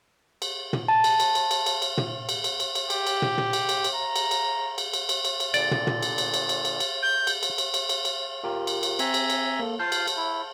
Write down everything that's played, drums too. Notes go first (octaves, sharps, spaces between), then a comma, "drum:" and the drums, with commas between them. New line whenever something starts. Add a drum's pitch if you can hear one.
drum: cymbal
drum: tom
A5
drum: cymbal
drum: cymbal
drum: cymbal
drum: cymbal
drum: cymbal
drum: cymbal
drum: tom
drum: cymbal
drum: cymbal
drum: cymbal
drum: cymbal
G4, drum: cymbal
drum: cymbal
drum: tom
drum: tom
drum: cymbal
drum: cymbal
drum: cymbal
A#5
drum: cymbal
drum: cymbal
drum: cymbal
drum: cymbal
drum: cymbal
drum: cymbal
drum: cymbal
A#2 D3 D5 A6, drum: cymbal
drum: tom
drum: tom
drum: cymbal
drum: cymbal
drum: cymbal
drum: cymbal
drum: cymbal
drum: cymbal
G6
drum: cymbal
drum: cymbal
drum: cymbal
drum: cymbal
drum: cymbal
drum: cymbal
F4 G4 A#4
drum: cymbal
drum: cymbal
C4 E5 G#5 A#5, drum: cymbal
drum: cymbal
drum: cymbal
A#3 A4
F4 C5 F5 A5 F6 G6
drum: cymbal
drum: cymbal
E4